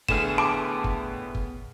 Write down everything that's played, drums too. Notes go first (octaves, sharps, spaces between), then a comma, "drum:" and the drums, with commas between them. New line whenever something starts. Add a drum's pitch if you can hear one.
A2 D3 B3 G#4 F6 E7, drum: kick
A5 C6 D6
drum: kick
drum: kick